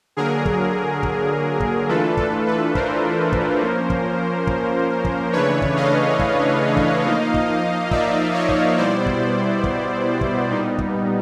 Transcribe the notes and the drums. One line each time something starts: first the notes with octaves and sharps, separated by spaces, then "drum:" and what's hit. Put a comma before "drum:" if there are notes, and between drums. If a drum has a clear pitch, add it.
D3 F#3 A#3 G#4 A#4
drum: kick
drum: kick
drum: kick
E3 A3 D4 F4 A4 B4
A4, drum: kick
A4 B4
A#4 C5, drum: kick
drum: kick
F3 A#3 C#4
drum: kick
drum: kick
drum: kick
C#3 E3 A3 D4 B4 C#5
drum: kick
D#5 F5
drum: kick
drum: kick
F3 A#3 D#4
drum: kick
D5 E5, drum: kick
C#5 D#5
drum: kick
B2 G3 B3 E4 C5 D5
drum: kick
drum: kick
drum: kick
A#2 G3 B3 D#4
drum: kick